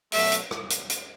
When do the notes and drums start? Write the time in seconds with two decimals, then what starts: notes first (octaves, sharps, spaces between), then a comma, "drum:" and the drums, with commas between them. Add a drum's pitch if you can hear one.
0.12 B2 F#3 A3 E5, drum: open hi-hat
0.32 drum: hi-hat
0.51 drum: rim click
0.70 drum: hi-hat
0.90 drum: hi-hat